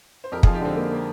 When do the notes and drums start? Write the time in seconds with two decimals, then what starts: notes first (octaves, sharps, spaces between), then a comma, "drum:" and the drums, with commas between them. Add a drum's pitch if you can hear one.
0.24 C5
0.32 F2 G4 A#4
0.43 F4 G#4, drum: kick
0.47 F3
0.54 D#4 G4
0.61 D3 G#3 C4
0.76 A#3
0.92 A#3